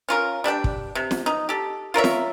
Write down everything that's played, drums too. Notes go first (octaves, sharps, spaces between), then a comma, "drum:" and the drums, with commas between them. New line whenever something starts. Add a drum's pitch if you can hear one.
C#4 F4 A#4
G3 D4 A4 G5
drum: kick
C3
drum: snare
D#4
G4 A4
F4 A#4 C#5 E5
drum: snare